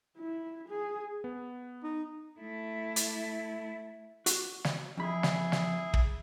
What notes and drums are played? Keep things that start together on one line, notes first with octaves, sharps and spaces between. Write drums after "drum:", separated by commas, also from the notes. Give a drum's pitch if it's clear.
E4
G#4
B3
D#4
A3 E4
drum: hi-hat
F#4, drum: hi-hat
drum: snare
F2 E4 G#4 B5
drum: snare
drum: snare
drum: kick